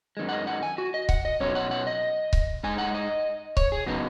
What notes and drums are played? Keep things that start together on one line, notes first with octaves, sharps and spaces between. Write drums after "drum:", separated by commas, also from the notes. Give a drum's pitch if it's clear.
F#2 D#3 G#3
F#5
D#5
F#5
G#5
F#4
D#5
F#5, drum: kick C#1
D#5
B2 F#3 C#4 C#5
F#5
F#5
D#5
drum: kick C#1
G#2 G#3 D#4 G#5
F#5
D#5
C#5, drum: kick C#1
G#4
C#3 F#3 B3 D#4 F#4